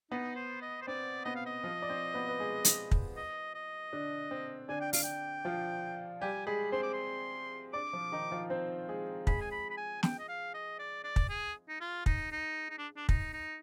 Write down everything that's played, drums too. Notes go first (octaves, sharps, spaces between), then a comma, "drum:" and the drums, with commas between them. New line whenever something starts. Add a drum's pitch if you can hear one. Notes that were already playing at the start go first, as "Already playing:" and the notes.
B3 D#4
C5
D#5
C5
C4 D5
B3 D#5
F5
D#5
F3 F4
D5
C4 C5
B3 B4
B4
G#3 G#4
drum: hi-hat
drum: kick
D#5
D#5
D3 D4
C4
D3 D4 G#5
G5
F5, drum: open hi-hat
G5
F3 F4
G3 G4 G#5
G#3 G#4 B5
C4 C5 C6
D6
C6
D4 D5 D6
F3 F4
D#3 D#4
F3 F4
C4 C5
G#3 G#4
G#3 G#4 B5, drum: kick
G#5
B5
B5
G#5
G5, drum: snare
D#5
F5
D#5
D5
D5
drum: kick
G#4
D#4
F4
D#4, drum: kick
D#4
D#4
D4
D4
D#4, drum: kick
D#4